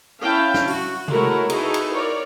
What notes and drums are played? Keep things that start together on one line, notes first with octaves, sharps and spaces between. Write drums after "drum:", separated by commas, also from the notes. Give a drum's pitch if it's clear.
C#4 E4 F5 G5 A5
drum: snare
F#4, drum: open hi-hat
G#3 A3 E4 F#4 A#4 C#5, drum: tom C3
D#4 E4 F#4 G#4 A4 B4, drum: cymbal
drum: cymbal
A#4 C#5 D5